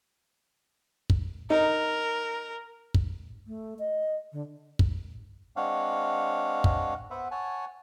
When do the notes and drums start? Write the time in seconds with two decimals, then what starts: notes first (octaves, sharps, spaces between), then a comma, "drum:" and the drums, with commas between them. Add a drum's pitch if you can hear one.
1.10 drum: kick
1.50 D#4 A#4
2.94 drum: kick
3.47 A3
3.79 D#5
4.32 D3
4.79 drum: kick
5.56 G#3 C4 D4 C#5 F5 F#5
6.64 drum: kick
7.10 B3 B4 C5 E5 F#5
7.31 C#5 F#5 G#5 A5